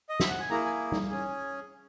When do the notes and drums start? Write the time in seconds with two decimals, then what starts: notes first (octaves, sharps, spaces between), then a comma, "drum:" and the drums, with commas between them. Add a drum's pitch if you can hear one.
0.09 D#5
0.20 E5, drum: snare
0.30 F#5
0.40 G#5
0.50 A#3 E4 G#4 A#5
0.65 G#5
0.92 drum: tom
1.10 C#4 G#4